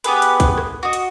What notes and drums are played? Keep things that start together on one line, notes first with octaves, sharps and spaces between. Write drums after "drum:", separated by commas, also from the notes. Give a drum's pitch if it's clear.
B3 G4 G#4 B4, drum: hi-hat
drum: hi-hat
drum: kick, hi-hat
drum: rim click
F#4 D#5
drum: hi-hat